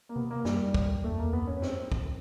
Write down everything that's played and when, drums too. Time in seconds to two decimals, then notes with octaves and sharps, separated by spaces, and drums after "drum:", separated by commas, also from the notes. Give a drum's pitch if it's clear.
0.09 A#3
0.16 C3 B3
0.31 A#3
0.45 F#2 G3, drum: snare
0.74 F2, drum: kick
1.04 E2 A3
1.14 F2
1.19 E2 A#3
1.33 F2 B3
1.42 F#2
1.47 C#4
1.52 F#2
1.62 C4, drum: snare
1.92 drum: kick